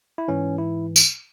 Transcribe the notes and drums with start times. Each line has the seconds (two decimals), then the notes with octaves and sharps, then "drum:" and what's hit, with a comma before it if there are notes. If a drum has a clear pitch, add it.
0.18 E4
0.28 G#2 E3 C#4
0.58 E4
0.96 drum: tambourine